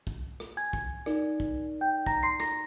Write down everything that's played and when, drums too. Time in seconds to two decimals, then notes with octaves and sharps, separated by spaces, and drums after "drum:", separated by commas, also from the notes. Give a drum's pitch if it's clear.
0.07 drum: kick
0.40 drum: rim click
0.57 G#5 G#6
0.73 drum: kick
1.06 D#4 A#4 D5, drum: rim click
1.40 drum: kick
1.81 G5 G6
2.06 A#5 A#6, drum: kick
2.23 C6 C7
2.40 A#5 A#6, drum: rim click